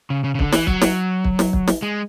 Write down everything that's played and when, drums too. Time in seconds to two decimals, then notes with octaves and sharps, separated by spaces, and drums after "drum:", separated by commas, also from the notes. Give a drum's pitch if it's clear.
0.10 C#3
0.24 C#3
0.35 C#3
0.39 D3, drum: kick
0.52 E3, drum: snare
0.67 F#3, drum: kick
0.81 drum: snare
1.24 drum: kick
1.39 drum: snare
1.53 drum: kick
1.68 drum: snare
1.82 G#3